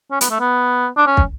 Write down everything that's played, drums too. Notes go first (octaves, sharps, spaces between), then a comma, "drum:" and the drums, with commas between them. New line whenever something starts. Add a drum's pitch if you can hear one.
C#4
B3, drum: hi-hat
A3
B3
D4
C#4
drum: kick